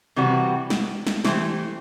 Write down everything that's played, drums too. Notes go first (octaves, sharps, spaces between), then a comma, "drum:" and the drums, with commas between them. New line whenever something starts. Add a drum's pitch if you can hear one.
C3 E3 G3 C4 F#4
drum: snare
drum: snare
E3 A3 E4 G4 C5, drum: snare